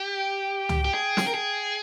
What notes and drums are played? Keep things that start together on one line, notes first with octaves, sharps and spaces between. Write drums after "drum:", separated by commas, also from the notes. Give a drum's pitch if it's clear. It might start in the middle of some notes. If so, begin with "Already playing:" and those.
Already playing: G4
G5
drum: tom
G4
G#4
drum: snare
A#4
G#4